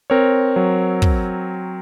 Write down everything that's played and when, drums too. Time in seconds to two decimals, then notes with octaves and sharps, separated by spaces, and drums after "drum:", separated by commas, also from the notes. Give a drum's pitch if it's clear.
0.10 C4 A#4 C#5
0.56 F#3
1.02 drum: kick